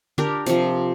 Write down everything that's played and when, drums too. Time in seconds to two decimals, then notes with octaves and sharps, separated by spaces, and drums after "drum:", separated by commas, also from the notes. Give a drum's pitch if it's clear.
0.18 D4 G4 A#4, drum: tom D3
0.46 C3 F3, drum: hi-hat